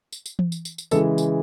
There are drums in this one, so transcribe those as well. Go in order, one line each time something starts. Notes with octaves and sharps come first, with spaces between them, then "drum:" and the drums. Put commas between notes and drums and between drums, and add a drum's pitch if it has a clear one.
drum: tambourine
drum: tambourine
drum: tom E3
drum: tambourine
drum: tambourine
drum: tambourine
C#3 E3 G#3 A4, drum: tambourine
drum: tambourine